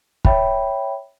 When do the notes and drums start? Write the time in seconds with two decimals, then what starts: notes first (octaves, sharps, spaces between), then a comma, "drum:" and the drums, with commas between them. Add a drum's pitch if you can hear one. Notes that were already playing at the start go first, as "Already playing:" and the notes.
0.25 C#5 E5 G5 B5, drum: kick